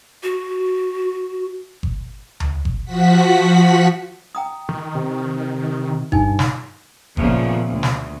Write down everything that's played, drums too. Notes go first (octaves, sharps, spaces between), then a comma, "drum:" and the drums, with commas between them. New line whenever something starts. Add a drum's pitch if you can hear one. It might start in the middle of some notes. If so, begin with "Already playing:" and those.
F#4
drum: kick G1
drum: tom D2
drum: kick G1
F3 F#4 F#5 B6
G5 A#5 D#6
D#3
C3
G2 D#4 G#5 A5, drum: kick G1
drum: snare
D#2 A#2 C#3 F3 A3 B3, drum: kick G1
D2
drum: snare